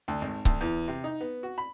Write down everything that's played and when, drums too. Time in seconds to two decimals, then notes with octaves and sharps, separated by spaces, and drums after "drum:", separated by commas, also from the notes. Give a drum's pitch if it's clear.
0.08 D2
0.21 G#1
0.45 D2, drum: kick C#1
0.61 E2
0.88 C3
1.04 D#4
1.21 B3
1.43 F#4
1.58 B5